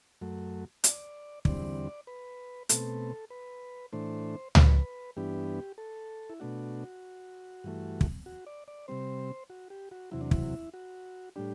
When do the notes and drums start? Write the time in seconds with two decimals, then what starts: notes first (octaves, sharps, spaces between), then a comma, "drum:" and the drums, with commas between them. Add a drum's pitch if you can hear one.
0.21 F#2 F#3 A3
0.84 D5, drum: hi-hat
1.45 E2 D3 G3 C4 D5, drum: kick
2.07 B4
2.69 B2 A3 C4 A4, drum: hi-hat
3.30 B4
3.92 A2 E3 A3 D4 C5
4.55 B4, drum: tom C#2
5.17 G2 E3 B3 D4 G4
5.78 A4
6.30 E4
6.40 B2 A3 D4 F#4
7.64 G2 E3 A3
8.01 drum: kick
8.26 F#4
8.47 D5
8.68 D5
8.88 C3 G3 C4 C5
9.50 F#4
9.70 G4
9.91 F#4
10.11 E2 C3 F#3 E4
10.21 D4
10.31 E4, drum: kick
10.74 F#4
11.36 A2 G3 D4 G4